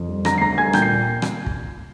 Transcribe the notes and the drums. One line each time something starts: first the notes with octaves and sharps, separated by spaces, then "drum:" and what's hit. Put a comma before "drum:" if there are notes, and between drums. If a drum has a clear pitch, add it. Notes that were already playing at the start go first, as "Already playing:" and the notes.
Already playing: F2
G3
D3 A#5 A#6, drum: rim click
C7
D2 A#5 A#6
G3 G#5 G#6
A#2 G5 G6, drum: rim click
C7
drum: rim click
drum: kick